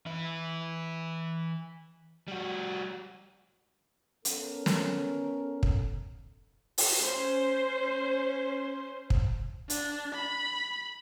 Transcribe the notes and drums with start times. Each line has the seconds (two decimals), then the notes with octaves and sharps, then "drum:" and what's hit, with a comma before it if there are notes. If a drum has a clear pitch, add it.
0.06 E3 E4
2.28 G3 F#4
4.25 B3 C#4 A4 A#4, drum: hi-hat
4.66 drum: snare
5.63 drum: kick
6.78 drum: open hi-hat
7.00 C#4 C5
9.10 drum: kick
9.70 D4, drum: hi-hat
10.15 B5